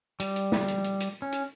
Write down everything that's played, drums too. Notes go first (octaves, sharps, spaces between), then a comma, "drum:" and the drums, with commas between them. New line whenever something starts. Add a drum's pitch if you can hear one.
G3, drum: hi-hat
drum: hi-hat
drum: snare
drum: hi-hat
drum: hi-hat
drum: hi-hat
C#4
drum: hi-hat